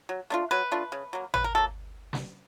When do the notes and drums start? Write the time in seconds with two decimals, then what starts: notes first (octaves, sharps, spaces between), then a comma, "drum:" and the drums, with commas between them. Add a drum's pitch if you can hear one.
0.09 F#3
0.30 A3 D4 F4
0.51 F#3 B4
0.72 A3 D4 F4
0.92 C#3
1.13 F#3 A#3
1.34 C#3 B4, drum: tom
1.44 A#4
1.55 F#3 A#3 A4
2.13 drum: snare